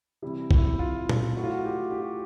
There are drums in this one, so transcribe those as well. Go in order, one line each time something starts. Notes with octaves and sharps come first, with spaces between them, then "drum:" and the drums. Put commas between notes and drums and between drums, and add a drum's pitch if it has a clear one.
C3 E3 G3 E4
E4, drum: kick
F4
drum: tom
A2 F#3 F#4
F4
F#4
G4
G4
F#4